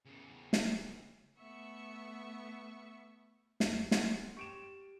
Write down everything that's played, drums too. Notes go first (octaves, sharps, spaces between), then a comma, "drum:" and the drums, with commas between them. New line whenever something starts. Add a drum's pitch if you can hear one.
E2 C#3
drum: snare
A3 B3 E5 F#5 C#6
F2, drum: snare
C#4 F#5 C6 G#6 A6, drum: snare
G4 C#6 D7 E7